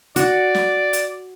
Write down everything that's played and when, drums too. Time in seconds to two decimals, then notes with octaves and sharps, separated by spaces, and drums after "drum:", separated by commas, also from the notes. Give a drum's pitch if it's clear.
0.16 F#4 D5, drum: hi-hat
0.55 drum: snare
0.93 drum: hi-hat